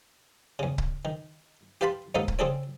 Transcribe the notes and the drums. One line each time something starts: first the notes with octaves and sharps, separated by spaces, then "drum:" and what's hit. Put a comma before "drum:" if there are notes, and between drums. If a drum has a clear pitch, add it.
E2 C#3
drum: kick C#1
D#3
G4 B4 F5 A5 B5 C6
D#2 G#2 B3 D#4 A4 F5
drum: kick C#1
C#3 C4 D4 G#4 A4 C#5